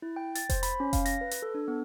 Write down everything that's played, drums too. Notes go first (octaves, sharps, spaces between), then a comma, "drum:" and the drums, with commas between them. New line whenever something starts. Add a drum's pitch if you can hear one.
E4
G5
A6, drum: hi-hat
C5, drum: kick F1, hi-hat
B5, drum: hi-hat
C#4
F5, drum: kick F1, hi-hat
A#6, drum: hi-hat
B4
drum: hi-hat
A4
D4
B3